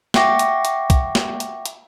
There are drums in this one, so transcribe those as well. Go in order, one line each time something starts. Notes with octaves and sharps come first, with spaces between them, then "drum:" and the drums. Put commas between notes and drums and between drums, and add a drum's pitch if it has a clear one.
E5 F#5 G5 C#6 D6 A#6, drum: snare
drum: hi-hat
drum: hi-hat
drum: kick, hi-hat
drum: snare
drum: hi-hat
drum: hi-hat